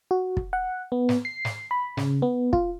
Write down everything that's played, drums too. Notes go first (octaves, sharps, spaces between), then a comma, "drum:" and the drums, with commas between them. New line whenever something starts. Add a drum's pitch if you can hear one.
F#4
drum: kick
F#5
B3
drum: snare
C7
drum: snare
B5
C#3, drum: snare
B3
F4, drum: kick